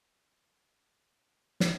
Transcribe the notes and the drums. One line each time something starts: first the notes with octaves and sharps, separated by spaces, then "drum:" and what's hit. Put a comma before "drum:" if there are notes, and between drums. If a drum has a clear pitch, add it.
G4 D#5
drum: snare